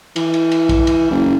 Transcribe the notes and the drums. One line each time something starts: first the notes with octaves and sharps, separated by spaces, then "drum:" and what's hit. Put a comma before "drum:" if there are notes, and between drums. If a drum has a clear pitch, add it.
E3, drum: cymbal
drum: cymbal
drum: cymbal
drum: kick, cymbal
drum: cymbal
F#1